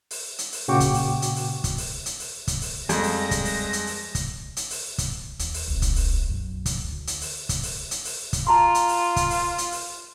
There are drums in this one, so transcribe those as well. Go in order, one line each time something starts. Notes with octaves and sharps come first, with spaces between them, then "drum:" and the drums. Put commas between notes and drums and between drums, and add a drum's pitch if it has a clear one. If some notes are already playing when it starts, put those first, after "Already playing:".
drum: open hi-hat
drum: hi-hat
drum: open hi-hat
A#2 C#3 F#4 G5 C#6 D6
drum: kick, hi-hat
drum: open hi-hat
drum: hi-hat
drum: open hi-hat
drum: kick, hi-hat
drum: open hi-hat
drum: hi-hat
drum: open hi-hat
drum: kick, hi-hat
drum: open hi-hat
F2 G3 G#3 A#6, drum: hi-hat
drum: open hi-hat
drum: kick, hi-hat
drum: open hi-hat
drum: hi-hat
drum: open hi-hat
drum: kick, hi-hat
drum: hi-hat
drum: open hi-hat
drum: kick, hi-hat
D#2, drum: hi-hat
drum: open hi-hat
D#1 C2
drum: kick, hi-hat
drum: open hi-hat
B1 F#2
drum: kick, hi-hat
D2
drum: hi-hat
drum: open hi-hat
drum: kick, hi-hat
drum: open hi-hat
drum: hi-hat
drum: open hi-hat
drum: kick, hi-hat
F4 A5 A#5 C6
drum: hi-hat
drum: open hi-hat
drum: kick, hi-hat
drum: open hi-hat
drum: hi-hat
drum: open hi-hat